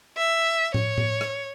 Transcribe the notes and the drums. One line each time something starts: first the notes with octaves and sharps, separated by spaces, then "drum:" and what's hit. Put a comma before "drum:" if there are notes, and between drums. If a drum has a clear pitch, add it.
E5
C#5, drum: tom A2
drum: tom A2
drum: rim click